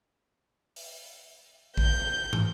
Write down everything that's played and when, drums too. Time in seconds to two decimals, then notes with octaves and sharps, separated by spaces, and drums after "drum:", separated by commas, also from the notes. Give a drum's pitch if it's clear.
0.76 drum: open hi-hat
1.77 G6, drum: kick
2.33 drum: tom